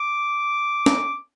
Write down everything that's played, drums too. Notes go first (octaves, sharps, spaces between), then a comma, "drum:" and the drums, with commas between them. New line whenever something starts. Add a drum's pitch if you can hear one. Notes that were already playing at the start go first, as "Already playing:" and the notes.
Already playing: D6
drum: snare